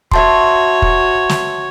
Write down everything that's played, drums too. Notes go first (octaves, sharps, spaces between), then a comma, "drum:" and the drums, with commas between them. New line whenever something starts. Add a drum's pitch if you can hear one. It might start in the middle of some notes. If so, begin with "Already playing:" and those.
F#4 C#5 E5 A5 C6, drum: kick
drum: kick
drum: snare